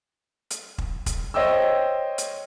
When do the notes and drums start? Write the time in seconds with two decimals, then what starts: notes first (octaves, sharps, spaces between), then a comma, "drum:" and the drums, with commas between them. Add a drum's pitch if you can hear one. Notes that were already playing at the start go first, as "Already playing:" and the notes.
0.50 drum: hi-hat
0.78 drum: kick
1.06 drum: kick, hi-hat
1.34 C5 C#5 D#5 G5 E6
2.18 drum: hi-hat